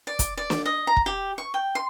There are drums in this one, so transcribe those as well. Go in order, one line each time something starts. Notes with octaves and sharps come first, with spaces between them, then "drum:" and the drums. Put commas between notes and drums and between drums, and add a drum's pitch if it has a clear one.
D5
drum: kick, hi-hat
D5
drum: snare
D#5
A#5
drum: kick
G4
C#6
G5
C6